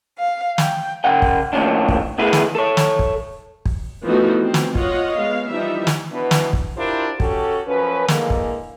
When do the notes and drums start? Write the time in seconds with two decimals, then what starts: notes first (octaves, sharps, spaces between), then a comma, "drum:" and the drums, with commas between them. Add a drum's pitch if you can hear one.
0.19 F5
0.58 G5, drum: snare
1.04 C#3 F#5 G5
1.22 drum: kick
1.53 D#2 A2 F3 C#4 D4
1.89 drum: kick
2.18 B2 A3 E4 G#4 B4
2.33 drum: snare
2.55 A4 C#5
2.77 drum: snare
2.99 drum: kick
3.65 drum: kick
4.05 E3 F3 A3 B3 D#4 F#4
4.41 C4
4.54 drum: snare
4.75 F4 C#5 D#5 F#5, drum: kick
5.17 G#3 B3 F5
5.49 E3 F3 G3 D#4 E5
5.87 drum: snare
6.11 B2 B3 D4 E4 B4
6.31 drum: snare
6.53 drum: kick
6.76 D4 E4 F4 G4 A#4 C5
7.20 C#4 F#4 G4 A4, drum: kick
7.67 F#2 F3 C#4 B4
8.08 D3 E3 G#3 A#3, drum: snare
8.30 drum: kick